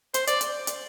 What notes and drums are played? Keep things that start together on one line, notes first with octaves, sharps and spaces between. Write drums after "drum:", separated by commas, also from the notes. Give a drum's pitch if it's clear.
C5, drum: hi-hat
D5, drum: hi-hat
drum: hi-hat
drum: hi-hat